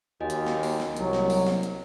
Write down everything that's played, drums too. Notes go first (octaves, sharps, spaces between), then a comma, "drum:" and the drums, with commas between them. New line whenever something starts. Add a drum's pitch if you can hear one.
D#2 F#4 D#5 G#5
drum: hi-hat
drum: snare
drum: open hi-hat
drum: snare
C2 F#3, drum: hi-hat
drum: snare
drum: open hi-hat
drum: snare
drum: hi-hat